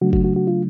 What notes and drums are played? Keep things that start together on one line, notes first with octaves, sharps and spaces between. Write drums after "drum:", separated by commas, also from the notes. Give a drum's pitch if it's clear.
C#3 F#3 A3 D4 F#4
F#4, drum: kick G1
F#4
F#4
F4